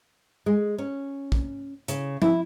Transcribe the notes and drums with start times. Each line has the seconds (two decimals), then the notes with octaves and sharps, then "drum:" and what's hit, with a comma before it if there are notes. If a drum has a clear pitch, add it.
0.46 G#3
0.78 C#4
1.32 drum: kick
1.88 C#3, drum: hi-hat
2.22 E4, drum: tom F3